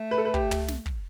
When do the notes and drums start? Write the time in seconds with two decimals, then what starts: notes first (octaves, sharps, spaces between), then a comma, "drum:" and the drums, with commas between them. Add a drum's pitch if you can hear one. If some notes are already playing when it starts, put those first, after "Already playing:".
Already playing: A3
0.11 B4
0.18 A4
0.25 B4
0.34 G4, drum: kick
0.51 drum: tom
0.68 drum: snare
0.86 drum: kick